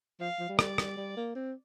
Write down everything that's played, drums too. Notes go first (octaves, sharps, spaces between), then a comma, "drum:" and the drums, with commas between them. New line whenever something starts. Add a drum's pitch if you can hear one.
F3 F5
F3
G3
D5, drum: rim click
drum: rim click
G3
A#3
C4